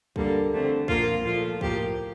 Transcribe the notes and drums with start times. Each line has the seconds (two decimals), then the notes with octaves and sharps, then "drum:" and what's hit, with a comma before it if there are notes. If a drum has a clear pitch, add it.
0.16 D3 G3 A#3 A4, drum: kick
0.52 D3 A3 C4
0.88 A#2 F3 A#3 F4, drum: kick
1.25 A#2 F3 A3 F4
1.61 A2 F3 A#3 G4, drum: kick